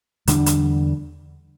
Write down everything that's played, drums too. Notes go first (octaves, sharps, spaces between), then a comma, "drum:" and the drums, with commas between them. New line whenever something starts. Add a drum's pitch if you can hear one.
E2 D3 G3 D4, drum: hi-hat
drum: hi-hat